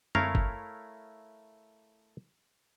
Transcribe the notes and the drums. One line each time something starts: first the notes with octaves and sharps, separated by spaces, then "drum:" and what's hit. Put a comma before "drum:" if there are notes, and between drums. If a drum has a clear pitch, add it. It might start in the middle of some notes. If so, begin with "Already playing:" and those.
A3 E4 A#4 C#5 F5 A#5, drum: tom F#2
drum: kick